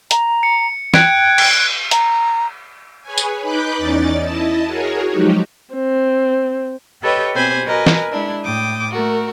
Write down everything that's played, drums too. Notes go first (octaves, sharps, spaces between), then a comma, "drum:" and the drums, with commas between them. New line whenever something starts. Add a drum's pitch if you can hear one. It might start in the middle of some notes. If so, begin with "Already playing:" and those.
A#5, drum: hi-hat
C#7
G5 F#6 G#6 D7, drum: snare
drum: cymbal
A#5, drum: hi-hat
G#4 B4 C#5 G#5
drum: tambourine
D#4 B4 B5 D6 F#6 G6
E2 C#4 D#4 D5 A6
E4 D#5 A5
F#4 G#4 A#4 C#5
F3 F#3 G#3 D#4 F#4 G4
C4
G4 A4 B4 C#5 D#5 G5
B2 C4 G4 C5 G#5 B5
F#4 A#4 B4 D#5 G#5
drum: snare
G#3 D4 E4
A2 G5 D6 D#6
A3 F#4 A#4